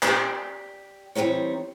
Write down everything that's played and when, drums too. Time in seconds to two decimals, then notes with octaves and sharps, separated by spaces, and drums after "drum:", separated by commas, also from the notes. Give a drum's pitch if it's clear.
0.03 G4 D5, drum: clap
1.15 E3 G3 C4 D#4 C#5